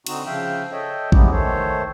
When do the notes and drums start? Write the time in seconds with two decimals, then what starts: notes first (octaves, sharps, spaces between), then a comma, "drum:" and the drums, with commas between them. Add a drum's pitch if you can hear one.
0.07 D3 C4 D#4 F#4, drum: cymbal
0.26 C#3 F3 E5 F5 G5
0.72 A4 C#5 D#5 E5 G5
1.12 G#3 B3 C#4 D#4 E4 G4, drum: kick A1
1.31 D#3 A3 A4 C5 C#5